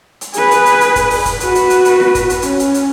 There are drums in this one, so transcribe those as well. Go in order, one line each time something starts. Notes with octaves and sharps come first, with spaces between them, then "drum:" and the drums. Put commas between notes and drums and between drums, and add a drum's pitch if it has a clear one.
drum: hi-hat
G#4 B4, drum: hi-hat
drum: hi-hat
drum: hi-hat
drum: hi-hat
drum: kick, hi-hat
drum: open hi-hat
drum: kick, hi-hat
F#4 B4, drum: hi-hat
drum: hi-hat
drum: hi-hat
drum: hi-hat
drum: snare E4
drum: kick, hi-hat
drum: hi-hat
C#4, drum: hi-hat
drum: hi-hat
drum: hi-hat